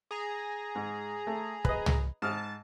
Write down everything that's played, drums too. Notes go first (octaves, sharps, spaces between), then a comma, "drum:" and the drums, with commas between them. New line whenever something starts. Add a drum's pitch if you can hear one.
G#4 A#5
G#2
A3
B4 D#5, drum: kick
drum: tom
G#2 A5 D#6 F6